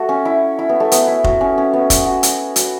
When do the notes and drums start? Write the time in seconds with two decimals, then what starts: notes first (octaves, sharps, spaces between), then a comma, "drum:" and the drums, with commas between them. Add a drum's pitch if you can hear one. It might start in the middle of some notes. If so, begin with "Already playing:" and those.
Already playing: A3 F#4 A4
0.09 C#4
0.25 E4
0.59 E4
0.69 B3
0.80 A3
0.92 B3, drum: hi-hat
1.07 E4
1.24 F#4, drum: kick F1
1.41 C#4
1.58 C#4
1.73 B3
1.90 drum: kick F1, hi-hat
2.06 F#4
2.23 drum: hi-hat
2.56 F#4, drum: hi-hat